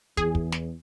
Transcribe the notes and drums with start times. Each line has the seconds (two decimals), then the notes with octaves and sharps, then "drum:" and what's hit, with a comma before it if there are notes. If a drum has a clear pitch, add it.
0.17 E2 G#4, drum: kick
0.35 drum: kick
0.52 drum: snare